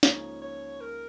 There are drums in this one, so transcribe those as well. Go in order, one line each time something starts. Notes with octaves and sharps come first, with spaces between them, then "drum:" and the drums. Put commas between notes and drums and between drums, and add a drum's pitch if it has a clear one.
C#2 C#3 F3 A#3 D#4 C#5, drum: snare
C#5
A#4